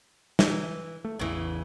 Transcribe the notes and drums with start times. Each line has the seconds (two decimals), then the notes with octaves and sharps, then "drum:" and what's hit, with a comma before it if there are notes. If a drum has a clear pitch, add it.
0.39 E3, drum: snare
1.05 A3
1.19 A1 E2 C#3 E3